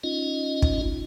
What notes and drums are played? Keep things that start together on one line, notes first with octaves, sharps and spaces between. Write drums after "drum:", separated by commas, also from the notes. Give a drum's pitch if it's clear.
C#4 D#4 F4 D#5
drum: kick